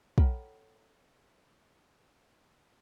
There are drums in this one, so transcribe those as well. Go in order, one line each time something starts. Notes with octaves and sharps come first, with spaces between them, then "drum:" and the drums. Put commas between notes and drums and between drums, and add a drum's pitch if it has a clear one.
A4 C#5 F#5 G5 A#5 B5, drum: kick